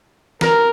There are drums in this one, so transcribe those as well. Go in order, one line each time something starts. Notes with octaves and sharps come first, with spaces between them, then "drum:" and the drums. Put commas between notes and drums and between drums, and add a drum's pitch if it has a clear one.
A#4, drum: snare